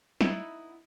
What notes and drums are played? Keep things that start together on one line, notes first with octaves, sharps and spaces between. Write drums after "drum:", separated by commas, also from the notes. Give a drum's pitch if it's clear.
B3 D#4 E4, drum: snare